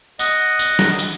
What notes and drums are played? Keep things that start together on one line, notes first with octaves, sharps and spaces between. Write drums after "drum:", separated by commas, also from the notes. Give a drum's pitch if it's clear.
D#5 F#5, drum: tambourine
drum: tambourine
drum: snare
drum: tambourine